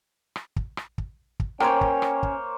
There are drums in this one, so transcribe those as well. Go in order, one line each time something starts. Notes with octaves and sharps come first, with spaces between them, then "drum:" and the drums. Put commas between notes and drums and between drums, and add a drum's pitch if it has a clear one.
drum: rim click
drum: kick
drum: rim click
drum: kick
drum: kick
A#3 C#4 C5 C#5 G5, drum: rim click
drum: kick
drum: rim click
drum: kick